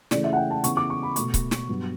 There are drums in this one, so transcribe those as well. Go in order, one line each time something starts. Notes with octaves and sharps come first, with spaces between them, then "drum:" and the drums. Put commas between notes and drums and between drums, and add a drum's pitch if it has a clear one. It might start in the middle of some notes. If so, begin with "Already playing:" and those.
C#3 E3 A3 D5, drum: snare
E5
F#5
G5
A5
C#3 E3 B3 C#6, drum: hi-hat
D6
C#6
B5
B2 A3 C#6, drum: hi-hat
drum: kick C#1, hi-hat
drum: snare
G2 F#3 B3